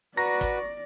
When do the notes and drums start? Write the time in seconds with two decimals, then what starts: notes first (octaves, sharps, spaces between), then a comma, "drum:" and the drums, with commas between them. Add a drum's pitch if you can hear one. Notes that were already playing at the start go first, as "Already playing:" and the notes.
0.17 F#4 B4 D5 A#5 C#6 A#6
0.41 drum: kick, hi-hat